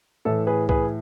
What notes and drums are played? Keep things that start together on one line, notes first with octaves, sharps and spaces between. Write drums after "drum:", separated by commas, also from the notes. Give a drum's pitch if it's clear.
A2 E3 A4
G#4 B4
G#4 B4, drum: kick C2